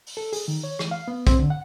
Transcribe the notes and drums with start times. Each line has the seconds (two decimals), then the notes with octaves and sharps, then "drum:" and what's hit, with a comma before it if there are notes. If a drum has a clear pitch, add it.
0.07 drum: open hi-hat
0.17 A4
0.33 G#4, drum: open hi-hat
0.48 D#3
0.64 C#5
0.79 E3, drum: rim click
0.91 F5
1.08 B3
1.27 C4, drum: kick, hi-hat
1.39 D3
1.50 F#5